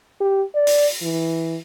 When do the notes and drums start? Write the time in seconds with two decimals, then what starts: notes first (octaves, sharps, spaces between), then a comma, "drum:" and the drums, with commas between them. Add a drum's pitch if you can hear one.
0.21 G4
0.55 D5
0.67 drum: open hi-hat
1.02 E3